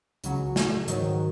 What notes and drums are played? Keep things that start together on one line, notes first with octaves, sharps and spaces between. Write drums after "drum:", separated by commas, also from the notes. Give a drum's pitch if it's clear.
C#2 C#3 F#3, drum: hi-hat
drum: snare
G#2 D#3 F#3, drum: hi-hat